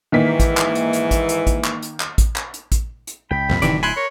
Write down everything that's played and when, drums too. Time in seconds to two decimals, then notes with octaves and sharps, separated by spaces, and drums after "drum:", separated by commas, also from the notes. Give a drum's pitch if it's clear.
0.12 G#2 D#3 E3 A#3 B6
0.40 drum: kick A1, hi-hat
0.57 drum: clap
0.75 drum: hi-hat
0.93 drum: hi-hat
1.11 drum: kick A1, hi-hat
1.29 drum: hi-hat
1.47 drum: kick A1, hi-hat
1.65 drum: clap
1.82 drum: hi-hat
2.00 drum: clap
2.18 drum: kick A1, hi-hat
2.36 drum: clap
2.54 drum: hi-hat
2.72 drum: kick A1, hi-hat
3.07 drum: hi-hat
3.31 C#2 G5 B5
3.49 C2 F2 A#2
3.62 D1 D2 C3 D#3 E3 D5, drum: hi-hat
3.83 E4 G#5 B5 C6 F#6
3.97 A#4 C#5